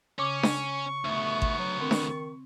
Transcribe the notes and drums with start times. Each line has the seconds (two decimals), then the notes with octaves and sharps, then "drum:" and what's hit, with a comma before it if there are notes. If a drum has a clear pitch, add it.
0.19 C#3 C#4 C#6 D6
0.43 drum: snare D4
1.05 D2 A3 B3
1.42 drum: kick G#1
1.59 F#3
1.81 D#3 C4
1.91 drum: snare D4